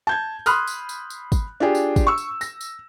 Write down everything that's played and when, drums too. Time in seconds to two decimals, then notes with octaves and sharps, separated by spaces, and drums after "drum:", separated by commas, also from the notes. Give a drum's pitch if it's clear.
0.07 A5 G6 G#6
0.46 B5 C6 D#6 F6 F#6, drum: tambourine
0.67 drum: tambourine
0.89 drum: tambourine
1.10 drum: tambourine
1.32 drum: kick, tambourine
1.60 D4 F4 G4 G#4
1.75 drum: tambourine
1.96 drum: kick, tambourine
2.07 C#6 E6
2.18 drum: tambourine
2.41 A#6, drum: tambourine
2.61 drum: tambourine